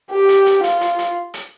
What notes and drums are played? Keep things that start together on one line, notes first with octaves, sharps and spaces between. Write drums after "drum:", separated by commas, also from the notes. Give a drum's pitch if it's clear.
G4
drum: hi-hat
drum: hi-hat
F4, drum: hi-hat
drum: hi-hat
drum: hi-hat
drum: hi-hat